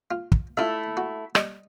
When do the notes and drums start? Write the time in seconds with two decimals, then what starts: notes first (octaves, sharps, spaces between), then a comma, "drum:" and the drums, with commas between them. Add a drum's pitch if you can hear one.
0.11 F4
0.32 drum: kick
0.57 A3 E4 F4 E5
0.97 F#4
1.35 G3 D#4, drum: rim click